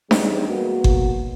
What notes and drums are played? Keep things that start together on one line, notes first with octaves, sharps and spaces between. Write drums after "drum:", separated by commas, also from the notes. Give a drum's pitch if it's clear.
E2 G3 C4 C#4 D#4 G#4, drum: snare D4
A#3 B3 F#4
drum: kick G1